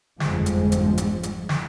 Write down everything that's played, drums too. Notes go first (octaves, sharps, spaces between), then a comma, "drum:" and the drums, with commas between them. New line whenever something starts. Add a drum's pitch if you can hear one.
G1 F2 G#2 F3 G#3, drum: snare
drum: hi-hat
drum: hi-hat
drum: hi-hat
drum: hi-hat
drum: snare